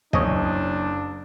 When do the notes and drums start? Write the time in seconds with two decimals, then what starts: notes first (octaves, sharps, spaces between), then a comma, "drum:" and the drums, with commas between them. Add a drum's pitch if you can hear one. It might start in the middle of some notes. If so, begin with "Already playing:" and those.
0.13 F#1 D4 C#5 D#5, drum: kick